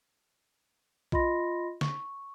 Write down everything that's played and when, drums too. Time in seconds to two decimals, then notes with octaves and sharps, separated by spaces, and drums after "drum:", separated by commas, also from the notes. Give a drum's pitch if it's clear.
1.12 F4 D#5 B5 C6 A#6, drum: kick A#1
1.81 C#6, drum: snare